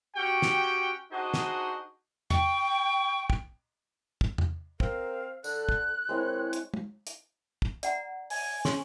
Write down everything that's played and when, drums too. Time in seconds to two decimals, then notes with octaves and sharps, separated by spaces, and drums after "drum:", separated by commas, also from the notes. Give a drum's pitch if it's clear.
0.16 C#4 F#4 G4 F#5 G5
0.42 drum: snare
1.11 D4 D#4 F#4 G#4 C5 D#5
1.34 drum: snare
2.30 G5 C#6, drum: tom E2
3.30 drum: kick
4.21 drum: kick
4.38 drum: tom E2
4.80 C4 A#4 F5, drum: kick
5.44 D3 A4 F#6, drum: tambourine
5.69 drum: kick
6.09 D#3 G#3 C4 E4 C#5
6.53 drum: hi-hat
6.74 drum: tom
7.07 drum: hi-hat
7.62 drum: kick
7.83 D5 F#5 A#5, drum: hi-hat
8.30 G#5, drum: open hi-hat
8.65 C#4 G#4 C6 C#6, drum: snare